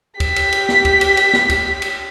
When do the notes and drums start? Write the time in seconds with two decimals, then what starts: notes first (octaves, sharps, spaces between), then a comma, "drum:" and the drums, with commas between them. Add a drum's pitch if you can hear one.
0.20 G4 B6, drum: kick C#2, cymbal
0.36 drum: cymbal
0.52 drum: cymbal
0.69 drum: snare
0.85 drum: kick C#2, cymbal
1.01 drum: cymbal
1.17 drum: cymbal
1.33 drum: snare
1.50 drum: kick C#2, cymbal
1.82 drum: cymbal